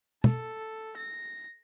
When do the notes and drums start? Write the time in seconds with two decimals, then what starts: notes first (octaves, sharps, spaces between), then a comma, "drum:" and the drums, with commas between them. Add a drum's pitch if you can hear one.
0.24 A4, drum: tom
0.97 A#6